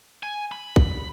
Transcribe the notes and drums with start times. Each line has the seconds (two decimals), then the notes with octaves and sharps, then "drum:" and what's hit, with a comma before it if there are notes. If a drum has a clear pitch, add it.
0.23 G#5
0.52 B5
0.76 drum: kick